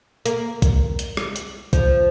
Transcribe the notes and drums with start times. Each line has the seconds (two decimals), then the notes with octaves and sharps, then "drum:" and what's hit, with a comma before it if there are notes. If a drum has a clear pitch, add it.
0.26 A#3, drum: hi-hat
0.62 drum: kick, hi-hat
0.99 drum: hi-hat
1.17 drum: rim click
1.36 drum: hi-hat
1.73 F3, drum: kick, hi-hat